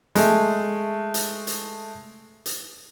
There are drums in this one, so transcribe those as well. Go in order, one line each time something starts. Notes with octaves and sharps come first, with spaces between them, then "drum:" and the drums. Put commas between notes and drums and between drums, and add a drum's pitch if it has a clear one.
G#3 A3, drum: hi-hat
drum: hi-hat
drum: hi-hat
drum: hi-hat